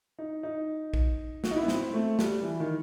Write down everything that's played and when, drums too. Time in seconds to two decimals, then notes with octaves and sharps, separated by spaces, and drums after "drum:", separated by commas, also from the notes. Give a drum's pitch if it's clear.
0.19 D#4
0.43 D#4
0.94 drum: kick A#1
1.44 F#4, drum: snare
1.51 D#4
1.56 E4
1.63 B3
1.68 C4, drum: snare
1.81 C4
1.93 A3
2.19 G3, drum: snare
2.43 E3
2.60 D#3